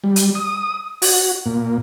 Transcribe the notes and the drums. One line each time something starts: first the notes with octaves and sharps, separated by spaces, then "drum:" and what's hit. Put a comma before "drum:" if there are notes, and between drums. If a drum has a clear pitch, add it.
G3
drum: hi-hat
D#6
F#4, drum: open hi-hat
A#2